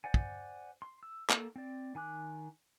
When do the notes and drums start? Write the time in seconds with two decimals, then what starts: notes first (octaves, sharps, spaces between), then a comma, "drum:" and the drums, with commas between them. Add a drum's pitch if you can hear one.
0.04 C5 D5 F#5 G#5
0.14 drum: kick
0.82 C6
1.03 E6
1.30 A#3 A4, drum: clap
1.56 C4 D5
1.95 D#3 G#5 D6 F#6